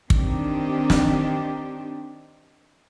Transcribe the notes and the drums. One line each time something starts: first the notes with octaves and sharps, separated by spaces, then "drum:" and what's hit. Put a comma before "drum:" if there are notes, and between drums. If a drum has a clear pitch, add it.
D#3 C4 D4 G4, drum: kick
drum: snare